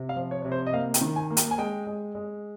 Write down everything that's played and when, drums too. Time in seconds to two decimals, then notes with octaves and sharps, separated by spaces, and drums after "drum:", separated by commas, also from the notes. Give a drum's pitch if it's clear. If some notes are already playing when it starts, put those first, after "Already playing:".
Already playing: C3
0.09 F5
0.16 F3
0.31 C#5
0.42 C3 C#5
0.52 C5
0.67 D#5
0.73 A#3 F5
0.94 G5, drum: hi-hat
1.01 D#3
1.16 G#5
1.31 A#3
1.37 G5, drum: hi-hat
1.51 G#5
1.58 G#3 G5
1.86 G#3
2.15 G#3